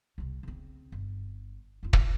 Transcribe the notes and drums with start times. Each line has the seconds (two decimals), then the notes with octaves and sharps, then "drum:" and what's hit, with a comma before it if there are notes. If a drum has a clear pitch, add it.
0.18 C2 C3
0.43 C#3 C4
0.92 G1
1.83 F1 F4
1.93 drum: kick